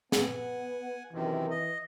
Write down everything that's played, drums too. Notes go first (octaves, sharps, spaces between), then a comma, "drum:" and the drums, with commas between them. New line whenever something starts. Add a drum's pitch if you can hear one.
B3 F#5 G#5, drum: snare
F#2 C3 D#3 E3
D#5